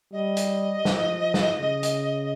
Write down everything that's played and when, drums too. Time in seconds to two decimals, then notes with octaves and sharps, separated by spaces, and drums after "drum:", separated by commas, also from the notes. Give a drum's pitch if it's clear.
0.12 G3 D#5
0.37 drum: hi-hat
0.85 F3, drum: snare
1.34 drum: snare
1.59 C#3
1.83 drum: hi-hat